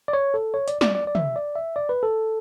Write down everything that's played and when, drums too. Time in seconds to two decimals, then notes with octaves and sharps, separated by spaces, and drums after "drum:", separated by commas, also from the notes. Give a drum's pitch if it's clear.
0.08 D5
0.13 C#5
0.34 A4
0.54 C#5
0.68 D5, drum: hi-hat
0.81 D5, drum: snare
0.95 D5
1.07 D5
1.15 E5, drum: tom
1.36 D5
1.56 E5
1.76 D5
1.89 B4
2.03 A4